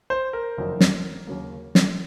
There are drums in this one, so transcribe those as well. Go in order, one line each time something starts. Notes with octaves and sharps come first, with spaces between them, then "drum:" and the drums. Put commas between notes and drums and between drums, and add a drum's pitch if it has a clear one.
C5
A#4
F#1 F2 D#3 F#3
drum: snare
D#2 C#3 F#3 A#3
drum: snare